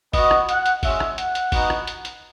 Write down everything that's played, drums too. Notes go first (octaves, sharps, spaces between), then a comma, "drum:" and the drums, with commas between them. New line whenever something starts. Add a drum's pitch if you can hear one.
B3 F#4 D#5, drum: kick G1, open hi-hat
drum: rim click
F#5, drum: hi-hat
drum: hi-hat
G#3 C#4 F#4 E5, drum: kick G1, open hi-hat
drum: rim click
F#5, drum: hi-hat
drum: hi-hat
B3 D#4 F#4, drum: kick G1, open hi-hat
drum: rim click
drum: hi-hat
drum: hi-hat